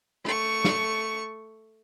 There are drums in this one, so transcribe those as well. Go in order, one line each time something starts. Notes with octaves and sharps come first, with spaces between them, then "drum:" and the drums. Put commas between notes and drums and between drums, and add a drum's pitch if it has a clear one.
A3 C#6, drum: rim click
drum: snare